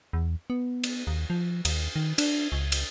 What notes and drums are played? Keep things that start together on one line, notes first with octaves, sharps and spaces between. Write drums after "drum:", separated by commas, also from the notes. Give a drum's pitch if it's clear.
E2
B3
drum: cymbal
D#2
F3
D#2, drum: cymbal
D#3
D4, drum: cymbal
C#2
drum: cymbal